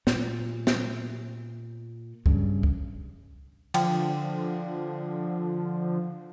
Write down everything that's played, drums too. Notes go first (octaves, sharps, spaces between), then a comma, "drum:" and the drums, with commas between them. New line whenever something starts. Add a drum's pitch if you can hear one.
A#2, drum: snare
drum: snare
G2 C#3, drum: kick
drum: kick
D3 F3 G5, drum: cymbal